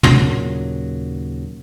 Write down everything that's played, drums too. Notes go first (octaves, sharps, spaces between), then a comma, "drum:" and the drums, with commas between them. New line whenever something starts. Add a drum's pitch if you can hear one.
D#2 A#2 C#3 F#3, drum: tom